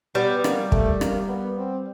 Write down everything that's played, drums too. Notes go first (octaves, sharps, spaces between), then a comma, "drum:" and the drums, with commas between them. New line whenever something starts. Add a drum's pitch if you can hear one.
G3 B3
A#3, drum: rim click
A3, drum: kick
A#3, drum: rim click
B3
C4